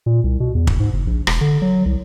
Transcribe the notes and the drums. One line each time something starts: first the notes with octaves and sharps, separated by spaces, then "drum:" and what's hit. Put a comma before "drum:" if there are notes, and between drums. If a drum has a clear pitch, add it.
A#2
C2
B2
E2
F#1, drum: kick
G#2
F#1
A#1
E1, drum: rim click
D3
F#3
C2